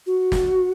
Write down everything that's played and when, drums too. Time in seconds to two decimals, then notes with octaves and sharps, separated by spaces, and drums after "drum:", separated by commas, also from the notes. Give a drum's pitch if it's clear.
0.07 F#4
0.32 drum: snare